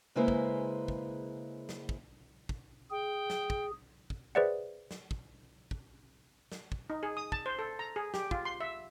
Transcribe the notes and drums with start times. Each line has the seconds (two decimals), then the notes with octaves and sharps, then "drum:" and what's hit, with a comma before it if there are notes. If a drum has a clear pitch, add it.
0.15 C#3 G#3 A#3 E4 B4 C5
0.28 drum: kick
0.88 drum: kick
1.69 drum: snare
1.89 drum: kick
2.49 drum: kick
2.91 G#4 G5
3.30 drum: snare
3.50 drum: kick
4.10 drum: kick
4.35 G#4 B4 C5 D5 E5 F#5
4.91 drum: snare
5.11 drum: kick
5.71 drum: kick
6.52 drum: snare
6.72 drum: kick
6.90 D#4
7.03 G#4
7.17 D#6
7.32 A5, drum: kick
7.46 C5
7.59 A4
7.79 A#5
7.96 G#4
8.14 G4, drum: snare
8.31 F4, drum: kick
8.45 C6
8.60 E5